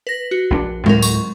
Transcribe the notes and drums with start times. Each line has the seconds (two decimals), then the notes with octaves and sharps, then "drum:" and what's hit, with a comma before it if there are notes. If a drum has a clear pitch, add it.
0.07 B4 A#6
0.31 F#4
0.50 A#1 C4 D4
0.86 D2 A2 F#3 C4 A#4, drum: tom G#3
1.02 C#6, drum: tambourine